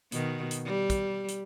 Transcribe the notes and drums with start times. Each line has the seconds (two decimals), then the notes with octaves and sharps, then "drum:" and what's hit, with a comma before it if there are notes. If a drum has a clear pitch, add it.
0.12 B2 D#3, drum: hi-hat
0.51 drum: hi-hat
0.65 G3
0.90 drum: kick, hi-hat
1.29 drum: hi-hat